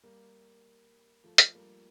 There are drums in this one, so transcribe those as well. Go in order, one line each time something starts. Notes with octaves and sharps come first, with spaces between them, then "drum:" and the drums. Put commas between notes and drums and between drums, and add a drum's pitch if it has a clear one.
G3 A#3
F3 A3
drum: hi-hat
G3 A#3